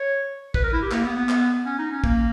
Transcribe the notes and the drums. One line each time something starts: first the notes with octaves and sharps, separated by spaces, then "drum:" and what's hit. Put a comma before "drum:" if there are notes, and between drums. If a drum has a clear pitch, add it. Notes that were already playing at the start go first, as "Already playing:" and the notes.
Already playing: C#5
B4, drum: kick
A#4
E4
G4
A#3, drum: clap
B3
B3
drum: clap
C#4
D#4
C#4
A#3, drum: kick